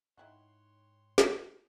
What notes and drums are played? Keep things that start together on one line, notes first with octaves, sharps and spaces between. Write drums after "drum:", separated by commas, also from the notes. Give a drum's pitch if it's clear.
G#2 D#4 E4 F#4 C#5 G5 C6 F#6
drum: snare